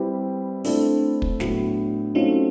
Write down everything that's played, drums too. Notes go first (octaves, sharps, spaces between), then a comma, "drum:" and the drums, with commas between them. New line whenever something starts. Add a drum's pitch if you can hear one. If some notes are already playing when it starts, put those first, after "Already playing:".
Already playing: G3 C4 E4 G4 B4
A3 C4 D4 E4 A4, drum: open hi-hat
drum: kick
A2 F#3 B3, drum: snare
F#3 A3 C4 C#4 D#4 F4